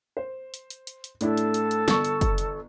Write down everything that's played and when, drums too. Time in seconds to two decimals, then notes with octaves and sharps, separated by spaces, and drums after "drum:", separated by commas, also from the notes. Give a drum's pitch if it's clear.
0.17 C5
0.54 drum: hi-hat
0.70 drum: hi-hat
0.87 drum: hi-hat
1.04 drum: hi-hat
1.21 A2 D4 E4 A4, drum: hi-hat
1.37 drum: hi-hat
1.54 drum: hi-hat
1.71 drum: hi-hat
1.88 G1 C#6, drum: snare
2.05 drum: hi-hat
2.21 drum: kick, hi-hat
2.38 drum: hi-hat